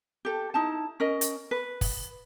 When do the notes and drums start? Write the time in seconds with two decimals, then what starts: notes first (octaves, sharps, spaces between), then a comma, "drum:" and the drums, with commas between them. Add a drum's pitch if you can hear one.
0.25 G4 A4
0.54 D#4 E4 A5
1.00 C#4 A#4 D#5
1.21 drum: hi-hat
1.51 B4
1.81 drum: kick, open hi-hat